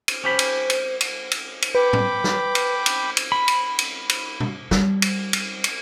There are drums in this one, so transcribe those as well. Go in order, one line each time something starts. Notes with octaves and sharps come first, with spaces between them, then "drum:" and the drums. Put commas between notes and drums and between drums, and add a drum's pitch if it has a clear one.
drum: cymbal
C#4 G4 C5 B5
drum: cymbal
drum: cymbal
drum: cymbal
drum: cymbal
drum: cymbal
B4 G5 B5 D6
drum: tom A2
drum: snare
drum: cymbal
drum: cymbal
drum: cymbal
B5
drum: cymbal
drum: cymbal
drum: cymbal
drum: tom B2
G3, drum: snare
drum: cymbal
drum: cymbal
drum: cymbal